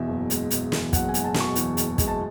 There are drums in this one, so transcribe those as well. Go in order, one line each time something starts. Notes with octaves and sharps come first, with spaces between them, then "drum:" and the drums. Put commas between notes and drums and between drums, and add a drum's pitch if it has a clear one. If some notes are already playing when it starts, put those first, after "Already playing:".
Already playing: E2 B2 E5
F#1
G#3, drum: hi-hat
B2, drum: hi-hat
E2, drum: snare
F#1 F#5, drum: kick, hi-hat
G#5
G#3, drum: hi-hat
A5
B2, drum: snare
C#6
E2, drum: hi-hat
F#1, drum: hi-hat
G#3, drum: kick, hi-hat
A5